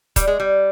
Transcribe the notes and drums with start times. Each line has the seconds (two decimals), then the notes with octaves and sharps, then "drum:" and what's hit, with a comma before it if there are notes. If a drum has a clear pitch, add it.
0.16 G3, drum: kick D#1, hi-hat
0.27 G#3
0.40 G3